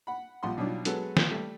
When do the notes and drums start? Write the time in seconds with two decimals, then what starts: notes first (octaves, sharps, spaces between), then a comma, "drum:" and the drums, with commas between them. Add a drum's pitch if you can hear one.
0.07 F#5 B5
0.43 A#1 G3 F4 F#5 C6
0.58 B2 F#3 G3 D4 D#4 F4
0.85 F#3 G#3 B3 F#4 A4 B4, drum: hi-hat
1.17 drum: snare
1.31 G3 A3